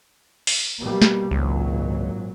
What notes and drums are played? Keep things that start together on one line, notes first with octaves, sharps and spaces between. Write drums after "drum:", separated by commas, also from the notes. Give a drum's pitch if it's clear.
drum: open hi-hat
B2 G3 A#3
drum: snare
G#1 C#2 A#2 F#3